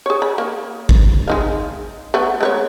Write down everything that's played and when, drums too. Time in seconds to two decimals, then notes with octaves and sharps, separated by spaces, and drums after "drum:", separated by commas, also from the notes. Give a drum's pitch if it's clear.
0.06 G#4 C#5
0.22 B5
0.38 A#3
0.89 drum: kick G#1
1.28 G#3 D#4 F5
2.14 A3 B3
2.41 G#3 B4 C#5